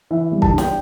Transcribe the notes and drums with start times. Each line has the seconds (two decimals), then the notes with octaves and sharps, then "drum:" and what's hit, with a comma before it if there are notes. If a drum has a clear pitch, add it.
0.11 E3 E5
0.32 G3
0.42 A5, drum: kick C2
0.52 D4
0.58 G5, drum: snare